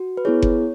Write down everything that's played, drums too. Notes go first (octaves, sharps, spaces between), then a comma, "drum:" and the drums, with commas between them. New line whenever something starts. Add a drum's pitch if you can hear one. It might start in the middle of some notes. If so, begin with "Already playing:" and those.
Already playing: F#4
B4
B3 E4 G#4 C#5
drum: kick F#1